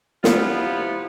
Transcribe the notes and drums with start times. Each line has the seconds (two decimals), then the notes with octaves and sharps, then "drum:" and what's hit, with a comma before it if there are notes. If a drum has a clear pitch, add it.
0.24 C3 F3 B3 E4 F4, drum: snare